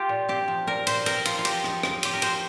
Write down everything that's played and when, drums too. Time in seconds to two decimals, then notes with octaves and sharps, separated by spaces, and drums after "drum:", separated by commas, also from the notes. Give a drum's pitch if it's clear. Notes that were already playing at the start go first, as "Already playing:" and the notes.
Already playing: F4 G4
0.09 A#2
0.29 C4 G4
0.48 F3
0.67 A#2 A#4
0.87 A#2 C5, drum: cymbal
1.06 C4 A#4, drum: cymbal
1.25 F3 F4, drum: cymbal
1.39 F4
1.45 F3 G4, drum: cymbal
1.64 F3, drum: rim click
1.83 F4, drum: rim click
2.03 C4 G4, drum: cymbal
2.13 A#4
2.22 F3 C5, drum: cymbal